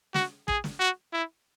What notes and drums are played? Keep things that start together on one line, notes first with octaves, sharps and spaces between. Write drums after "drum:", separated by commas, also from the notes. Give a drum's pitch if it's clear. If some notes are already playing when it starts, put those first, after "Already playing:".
F#4, drum: snare
G#4, drum: kick
drum: snare
F#4
E4